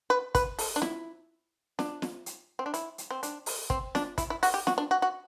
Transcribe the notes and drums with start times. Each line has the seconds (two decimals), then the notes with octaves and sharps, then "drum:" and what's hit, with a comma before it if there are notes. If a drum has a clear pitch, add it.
0.10 B4
0.35 B4, drum: kick, hi-hat
0.59 A4, drum: open hi-hat
0.76 D4
0.82 E4, drum: snare
1.79 D4, drum: snare
2.02 drum: snare
2.26 drum: hi-hat
2.59 C4
2.66 D4
2.74 E4, drum: hi-hat
2.98 drum: hi-hat
3.11 C4
3.23 D4, drum: hi-hat
3.46 drum: open hi-hat
3.70 C4, drum: kick
3.95 D4, drum: snare
4.18 E4, drum: kick, hi-hat
4.30 E4
4.43 F#4, drum: open hi-hat
4.54 G4
4.67 F#4, drum: snare
4.78 D4
4.91 F#4
5.02 F#4